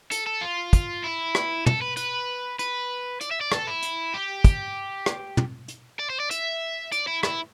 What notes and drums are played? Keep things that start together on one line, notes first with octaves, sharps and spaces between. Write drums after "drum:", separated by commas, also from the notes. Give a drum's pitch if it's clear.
A4, drum: hi-hat
A4
F4
drum: kick, hi-hat
E4
drum: rim click
A4, drum: tom
B4
B4, drum: hi-hat
B4, drum: hi-hat
D5, drum: hi-hat
E5
D5
A4, drum: rim click
E4
drum: hi-hat
G4
drum: kick, hi-hat
drum: rim click
drum: tom
drum: hi-hat
D5
C5
D5
E5, drum: hi-hat
D5, drum: hi-hat
E4
E4, drum: rim click